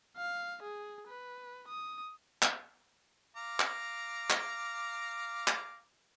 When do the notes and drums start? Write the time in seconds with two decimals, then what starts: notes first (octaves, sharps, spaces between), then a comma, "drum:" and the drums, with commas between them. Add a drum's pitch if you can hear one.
0.17 F5
0.63 G#4
1.07 B4
1.68 D#6
2.42 drum: clap
3.36 F5 A#5 D6
3.60 drum: clap
4.30 drum: clap
5.48 drum: clap